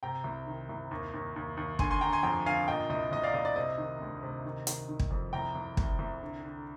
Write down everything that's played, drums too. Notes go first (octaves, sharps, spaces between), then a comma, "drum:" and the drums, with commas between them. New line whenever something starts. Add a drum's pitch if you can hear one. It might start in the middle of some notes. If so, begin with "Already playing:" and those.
C3 G5 A#5
C2
D#3
C2
D#2
D#2
D#2
D#2
D3 G#5 C6, drum: kick
G#5 C6
D3 G5 A#5
G#5 C6
F2 G5 A#5
D3 F5 G#5
A#2 D#5 G5
C2 D#5
C2 D#5
D5 F5
C2 D#5
D5
C3 D#5
D#3
D2
C3
D#3
D#3, drum: hi-hat
D#3
drum: kick
F2
C2 G5 A#5
C2
C2, drum: kick
C2
D3
D3